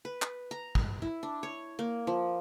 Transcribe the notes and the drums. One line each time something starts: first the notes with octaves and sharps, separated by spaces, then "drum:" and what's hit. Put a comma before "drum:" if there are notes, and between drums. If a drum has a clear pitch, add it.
B4
drum: clap
A#5
drum: kick
E4
D4
C#5
A#3
F3